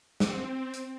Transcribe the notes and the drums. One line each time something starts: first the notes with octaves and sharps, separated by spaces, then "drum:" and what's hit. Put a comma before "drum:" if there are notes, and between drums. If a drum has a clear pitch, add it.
C4, drum: snare
drum: hi-hat